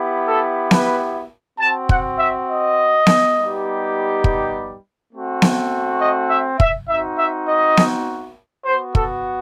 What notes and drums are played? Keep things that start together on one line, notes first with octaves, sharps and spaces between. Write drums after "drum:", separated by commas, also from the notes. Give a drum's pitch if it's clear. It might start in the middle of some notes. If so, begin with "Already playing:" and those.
Already playing: B3 E4 G4
A4
B4, drum: snare B3
C4 F#4 A5
F#5, drum: kick
E5
D#5
drum: snare B3
G3 B3 D#4 G4
drum: kick
A3 C4 F#4
drum: snare B3
D#5
E5
E5, drum: kick
C4 D#4 F#4 E5
E5
D#5
drum: snare B3
B3 F#4 C5
A4, drum: kick